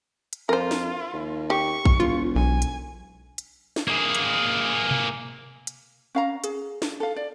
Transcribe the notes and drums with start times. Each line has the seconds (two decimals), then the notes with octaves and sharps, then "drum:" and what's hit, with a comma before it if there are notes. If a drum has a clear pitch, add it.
0.33 drum: hi-hat
0.49 F2 F4 A#4 C5
0.71 drum: snare
1.13 D#2
1.50 G4 C#6
1.85 drum: kick A1
2.00 E1 F4
2.36 B1 G#5
2.62 drum: hi-hat
3.38 drum: hi-hat
3.76 drum: snare
3.88 A#3 G#4
4.15 drum: hi-hat
4.91 drum: tom B2
5.67 drum: hi-hat
6.15 C#4 F5 A#5
6.44 G#4, drum: hi-hat
6.82 drum: snare
7.00 A4 F5
7.16 D5